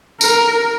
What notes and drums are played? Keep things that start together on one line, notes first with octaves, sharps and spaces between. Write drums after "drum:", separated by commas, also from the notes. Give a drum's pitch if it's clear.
A#4, drum: tambourine